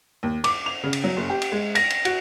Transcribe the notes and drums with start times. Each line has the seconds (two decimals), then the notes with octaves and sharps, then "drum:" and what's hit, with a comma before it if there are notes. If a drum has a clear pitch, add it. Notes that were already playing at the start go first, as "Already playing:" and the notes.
0.23 D#2
0.44 D6, drum: cymbal
0.66 F7
0.83 C#3
0.93 drum: cymbal
1.04 F#3
1.17 F#1
1.30 G4
1.42 drum: cymbal
1.52 G#3
1.75 A#6, drum: cymbal
1.90 drum: cymbal
2.05 F#4, drum: cymbal